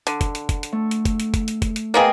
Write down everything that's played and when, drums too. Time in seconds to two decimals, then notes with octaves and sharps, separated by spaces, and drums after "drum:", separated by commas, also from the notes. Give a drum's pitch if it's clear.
0.07 D3, drum: hi-hat
0.21 drum: kick, hi-hat
0.35 drum: hi-hat
0.49 drum: kick, hi-hat
0.63 drum: hi-hat
0.72 A3
0.91 drum: hi-hat
1.05 drum: kick, hi-hat
1.20 drum: hi-hat
1.34 drum: kick, hi-hat
1.48 drum: hi-hat
1.62 drum: kick, hi-hat
1.76 drum: hi-hat
1.94 A#3 B3 G#4 D#5 F5 G5